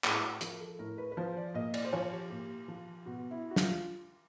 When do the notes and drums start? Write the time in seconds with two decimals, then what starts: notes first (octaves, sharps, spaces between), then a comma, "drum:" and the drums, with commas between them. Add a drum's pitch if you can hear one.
0.04 A2 G#4, drum: clap
0.22 F#4
0.41 F3 A#4, drum: hi-hat
0.61 A4
0.79 A2 A#4
0.98 B4
1.12 B4
1.17 F3 C5
1.37 D5
1.54 A#2 D#5
1.74 D5, drum: cymbal
1.85 C5
1.93 F3 C#5
2.12 G4
2.30 A#2 G4
2.68 F3
3.06 B2 F#4
3.31 E4
3.51 F#4
3.56 F4, drum: snare